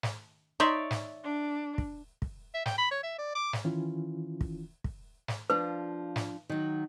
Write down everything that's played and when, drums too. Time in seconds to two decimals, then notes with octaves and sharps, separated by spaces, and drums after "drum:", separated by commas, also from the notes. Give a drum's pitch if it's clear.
0.03 drum: snare
0.60 D#4 C#5 D5 E5 C6
0.91 drum: snare
1.24 D4
1.78 drum: kick
2.22 drum: kick
2.54 E5
2.66 G5, drum: snare
2.78 B5
2.91 C#5
3.03 E5
3.18 D5
3.35 D6
3.53 drum: snare
3.64 D#3 E3 C#4 E4 F4
4.41 drum: kick
4.84 drum: kick
5.28 drum: snare
5.50 F3 D4 F4 B4
6.16 drum: snare
6.49 D#3 F#3